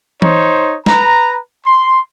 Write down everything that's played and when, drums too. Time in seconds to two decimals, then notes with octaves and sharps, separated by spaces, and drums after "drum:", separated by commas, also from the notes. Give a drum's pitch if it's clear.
0.22 D#4 C5 C#5, drum: tom E3
0.86 B4 A#5, drum: snare
1.67 C6